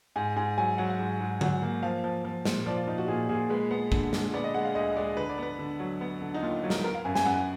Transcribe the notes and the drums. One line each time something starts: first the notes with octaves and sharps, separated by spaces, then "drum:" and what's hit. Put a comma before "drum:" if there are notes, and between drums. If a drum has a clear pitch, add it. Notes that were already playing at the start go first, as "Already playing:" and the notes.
G#2 G#5
G#2 G#5
F#3 G#5
F#3 F#5
F#5
G#2
G#2
F#3 F#5, drum: tom D3
A#3
F3 F5
F3
F3
A#2, drum: snare
F3 D5
F4
F3 D#4
F#4
A#2 G#4
A#2 G#4
G#3 B4
B3
D3, drum: kick
G#3, drum: snare
B3 D5
D#5
G#3 F#5
F5
D2 D#5
G#3 D5
D3 B4
D5
B3 B4
D3
F#3
B3
D3
D#4
D#2 F4
F#3
A#4, drum: snare
B3 A#4
F5
F#2 G#5
G#5, drum: snare
F#2 F#5